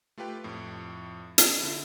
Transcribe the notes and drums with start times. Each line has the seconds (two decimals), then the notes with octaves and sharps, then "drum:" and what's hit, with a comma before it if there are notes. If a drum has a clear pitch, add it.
0.18 A3 F4 G4 B4 G5
0.44 F2 A2
1.38 drum: hi-hat
1.60 D3 E4